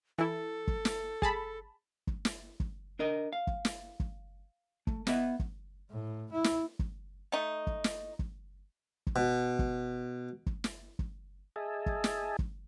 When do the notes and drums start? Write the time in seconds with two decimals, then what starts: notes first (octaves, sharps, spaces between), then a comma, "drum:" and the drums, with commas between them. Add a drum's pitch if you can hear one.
0.18 E3 E4 A4
0.67 drum: kick
0.85 drum: snare
1.22 G#4 A5 B5, drum: kick
2.07 drum: kick
2.25 drum: snare
2.60 drum: kick
2.99 D4 A#4 D#5
3.33 F5
3.47 drum: kick
3.65 drum: snare
4.00 drum: kick
4.87 A3, drum: kick
5.07 B3 D#5 E5 F#5, drum: snare
5.39 drum: kick
5.91 A2
6.32 E4
6.44 drum: snare
6.79 drum: kick
7.32 A3 D#4
7.67 drum: kick
7.84 drum: snare
8.19 drum: kick
9.07 drum: kick
9.16 B2
9.59 drum: kick
10.46 drum: kick
10.64 drum: snare
10.99 drum: kick
11.56 G#4 D#5 E5 G#5 A5
11.86 drum: kick
12.04 drum: snare
12.39 drum: kick